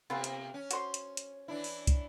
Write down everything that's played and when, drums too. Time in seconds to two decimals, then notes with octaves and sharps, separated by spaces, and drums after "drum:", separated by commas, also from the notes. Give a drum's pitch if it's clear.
0.10 C3 A#3 B3 F4 A4
0.24 drum: hi-hat
0.54 C#4
0.71 F#4 C5 C6, drum: hi-hat
0.94 drum: hi-hat
1.17 drum: hi-hat
1.48 E3 D4 E4
1.64 drum: open hi-hat
1.87 drum: kick, hi-hat